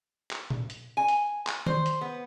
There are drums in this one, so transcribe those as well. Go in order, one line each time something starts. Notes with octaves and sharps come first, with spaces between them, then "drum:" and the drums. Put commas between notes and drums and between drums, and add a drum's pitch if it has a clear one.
drum: clap
drum: tom A#2
drum: hi-hat
G#5
drum: hi-hat
drum: clap
C5, drum: tom D#3
drum: hi-hat
B3